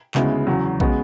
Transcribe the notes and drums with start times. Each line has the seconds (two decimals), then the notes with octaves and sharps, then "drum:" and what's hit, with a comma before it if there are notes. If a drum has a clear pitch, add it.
0.14 D2 C#3 G#3 B3 E4, drum: clap
0.47 E2 C#3 F#3
0.80 C#3 G#3 B3 F#4, drum: kick A#1